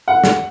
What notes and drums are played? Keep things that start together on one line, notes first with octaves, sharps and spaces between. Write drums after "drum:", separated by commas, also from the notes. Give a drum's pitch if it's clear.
F#5
drum: snare